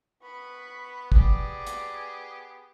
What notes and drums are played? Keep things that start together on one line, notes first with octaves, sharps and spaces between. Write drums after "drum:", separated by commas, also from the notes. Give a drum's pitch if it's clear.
B3 B4 B5 C#6
B3 G4 G#4 D5, drum: kick
drum: hi-hat